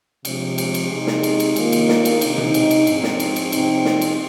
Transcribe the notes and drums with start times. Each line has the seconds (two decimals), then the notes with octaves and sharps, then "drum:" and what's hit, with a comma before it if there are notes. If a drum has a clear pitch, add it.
0.25 C3 F3 G#3, drum: cymbal
0.58 drum: cymbal
0.74 drum: cymbal
0.91 C3 G#3 D#4
1.07 drum: snare
1.23 drum: cymbal
1.40 drum: cymbal
1.56 D#3 A#3 F4, drum: cymbal
1.72 drum: cymbal
1.89 drum: snare
2.05 drum: cymbal
2.21 C3 G#3 C4 D#4, drum: cymbal
2.38 drum: tom B2
2.54 drum: cymbal
2.71 drum: cymbal
2.87 G#2 F3 C4 D#4, drum: cymbal
3.03 drum: snare
3.20 drum: cymbal
3.36 drum: cymbal
3.52 C3 F3 C4 D#4, drum: cymbal
3.85 drum: snare
4.01 drum: cymbal